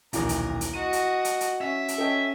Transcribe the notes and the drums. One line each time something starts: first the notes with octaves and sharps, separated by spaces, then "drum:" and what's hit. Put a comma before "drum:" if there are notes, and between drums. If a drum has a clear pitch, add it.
D#1 B1 E3 A#4, drum: hi-hat
drum: hi-hat
drum: hi-hat
F#4 D#5 D#7
drum: hi-hat
drum: hi-hat
drum: hi-hat
C#4 E5
drum: hi-hat
C#4 A4 D#5 G5